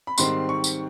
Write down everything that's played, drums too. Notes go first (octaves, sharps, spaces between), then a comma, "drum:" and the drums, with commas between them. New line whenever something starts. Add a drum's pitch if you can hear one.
B5
G#2 D#3 G3 C4 C6, drum: tambourine
C#6
drum: tambourine